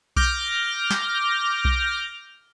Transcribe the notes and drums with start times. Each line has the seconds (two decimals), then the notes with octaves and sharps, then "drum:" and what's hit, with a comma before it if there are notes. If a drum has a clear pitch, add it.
0.16 D6 F6 G6 A#6, drum: kick B1
0.91 drum: snare
1.65 drum: kick B1